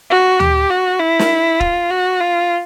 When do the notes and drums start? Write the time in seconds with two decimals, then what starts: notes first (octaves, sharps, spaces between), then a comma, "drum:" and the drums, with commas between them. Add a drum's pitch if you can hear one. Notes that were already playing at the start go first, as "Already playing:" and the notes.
0.10 F#4
0.40 G4, drum: tom D2
0.70 F#4
1.00 E4
1.19 drum: snare
1.60 F4, drum: kick
1.90 F#4
2.21 F4